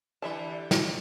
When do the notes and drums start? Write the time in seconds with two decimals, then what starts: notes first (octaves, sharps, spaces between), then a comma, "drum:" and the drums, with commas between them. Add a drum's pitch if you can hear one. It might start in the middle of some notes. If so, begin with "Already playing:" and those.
0.22 D3 E3 G3 E5 A5
0.71 drum: snare